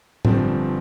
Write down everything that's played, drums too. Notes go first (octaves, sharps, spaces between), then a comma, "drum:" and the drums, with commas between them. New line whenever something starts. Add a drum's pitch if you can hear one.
G1 G2 F3 C4, drum: tom A2